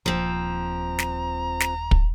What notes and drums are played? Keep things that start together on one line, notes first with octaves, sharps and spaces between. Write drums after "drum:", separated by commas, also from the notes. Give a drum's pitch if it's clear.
D#1 F3 C4 A#5
drum: snare
drum: snare
drum: kick